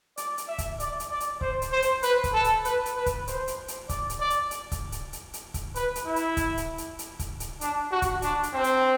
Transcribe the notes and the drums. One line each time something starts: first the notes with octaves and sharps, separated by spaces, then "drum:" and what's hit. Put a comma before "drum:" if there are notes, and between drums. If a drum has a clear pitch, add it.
D5, drum: hi-hat
drum: hi-hat
E5
drum: kick C#1, hi-hat
D5, drum: hi-hat
drum: hi-hat
D5
drum: hi-hat
C5, drum: kick C#1
drum: hi-hat
C5
drum: hi-hat
B4, drum: hi-hat
drum: kick C#1, hi-hat
A4
drum: hi-hat
B4, drum: hi-hat
drum: hi-hat
B4
drum: kick C#1, hi-hat
C5, drum: hi-hat
drum: hi-hat
drum: hi-hat
D5, drum: kick C#1, hi-hat
drum: hi-hat
D5
drum: hi-hat
drum: hi-hat
drum: kick C#1, hi-hat
drum: hi-hat
drum: hi-hat
drum: hi-hat
drum: kick C#1, hi-hat
B4, drum: hi-hat
drum: hi-hat
E4
drum: hi-hat
drum: kick C#1, hi-hat
drum: hi-hat
drum: hi-hat
drum: hi-hat
drum: kick C#1, hi-hat
drum: hi-hat
D4, drum: hi-hat
F#4
drum: kick C#1, hi-hat
D4, drum: hi-hat
drum: hi-hat
C4
drum: hi-hat